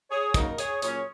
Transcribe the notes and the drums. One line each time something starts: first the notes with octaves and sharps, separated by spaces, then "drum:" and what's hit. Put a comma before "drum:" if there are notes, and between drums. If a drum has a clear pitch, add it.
G#4 C#5
C#3 F#3 A#3 D#4 A#4 D#5, drum: kick, hi-hat
G#4 C#5, drum: hi-hat
A#2 F#3 C#4 G#4 C#5, drum: hi-hat